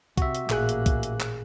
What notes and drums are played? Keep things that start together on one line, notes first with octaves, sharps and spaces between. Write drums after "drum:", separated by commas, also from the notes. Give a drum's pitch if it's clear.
C3 F#4 E5, drum: kick C2, hi-hat
drum: hi-hat
A1 A#2 A#3 G#4 F#6, drum: clap
drum: hi-hat
drum: kick C2, hi-hat
drum: hi-hat
drum: clap